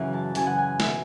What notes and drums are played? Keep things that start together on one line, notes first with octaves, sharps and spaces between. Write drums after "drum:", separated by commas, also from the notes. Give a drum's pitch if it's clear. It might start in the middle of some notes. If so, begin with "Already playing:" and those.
Already playing: F#2 C#3 E3 E5 F#5
A5
F#2 C#3 E3 G#5, drum: hi-hat
F#5
G#5
B2 E5, drum: snare